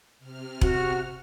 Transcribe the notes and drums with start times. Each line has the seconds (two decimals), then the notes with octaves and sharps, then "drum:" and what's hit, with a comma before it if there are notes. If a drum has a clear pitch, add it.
0.19 C3 F6
0.61 F#4, drum: kick E1